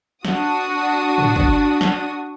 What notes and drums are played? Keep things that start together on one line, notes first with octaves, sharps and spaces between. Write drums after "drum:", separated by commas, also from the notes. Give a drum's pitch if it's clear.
D4 F#4 D#6, drum: snare
drum: tom
drum: kick
drum: snare